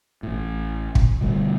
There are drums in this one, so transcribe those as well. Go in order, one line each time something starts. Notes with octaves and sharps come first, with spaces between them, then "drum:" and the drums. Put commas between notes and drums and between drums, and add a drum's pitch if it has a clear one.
A1 A2
drum: kick
B2 D3 G3 A3